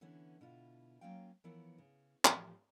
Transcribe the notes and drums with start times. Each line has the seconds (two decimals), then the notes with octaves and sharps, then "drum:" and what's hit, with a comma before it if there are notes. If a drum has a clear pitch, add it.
0.01 D3 E3 B3 C#4 E4
0.41 B2 D3 E4 F4
1.01 F#3 A#3 C#4 F4 F5 G5
1.44 E3 F3 B3 E4 A#4 C#5
1.78 C#3
2.25 A2 E3 F3 G4, drum: clap